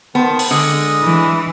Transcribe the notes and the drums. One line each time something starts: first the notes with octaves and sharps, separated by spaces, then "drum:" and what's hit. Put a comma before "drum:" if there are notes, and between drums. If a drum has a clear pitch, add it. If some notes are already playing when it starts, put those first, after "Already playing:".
D#3 B3 C5 A5
drum: open hi-hat
D3 G#3 D#5 D#6
E3